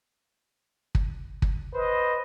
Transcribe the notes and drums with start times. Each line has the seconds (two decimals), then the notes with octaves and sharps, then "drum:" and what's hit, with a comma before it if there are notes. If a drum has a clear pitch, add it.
0.95 drum: kick
1.42 drum: kick
1.74 B4 C5 D#5